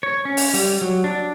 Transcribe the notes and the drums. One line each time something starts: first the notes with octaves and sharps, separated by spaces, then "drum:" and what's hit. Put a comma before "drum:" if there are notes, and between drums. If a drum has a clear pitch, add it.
C#5
C#4
drum: open hi-hat
G3, drum: open hi-hat
F#3
D4